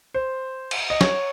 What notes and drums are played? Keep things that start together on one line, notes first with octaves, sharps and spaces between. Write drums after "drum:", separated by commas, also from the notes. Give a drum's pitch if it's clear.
C5
drum: cymbal
D#5
C#5, drum: snare